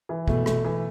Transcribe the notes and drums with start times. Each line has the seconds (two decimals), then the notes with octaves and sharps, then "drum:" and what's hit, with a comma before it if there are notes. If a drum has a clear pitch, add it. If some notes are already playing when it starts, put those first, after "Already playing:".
0.09 E3
0.28 B2 A3, drum: kick
0.46 A3, drum: rim click
0.64 E3